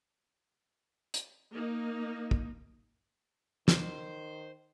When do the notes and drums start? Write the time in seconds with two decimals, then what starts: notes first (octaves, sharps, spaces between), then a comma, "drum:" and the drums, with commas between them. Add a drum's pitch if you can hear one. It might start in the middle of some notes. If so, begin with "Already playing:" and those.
1.14 drum: hi-hat
1.54 A#3 D#4
2.31 drum: kick
3.68 D#3 C5, drum: snare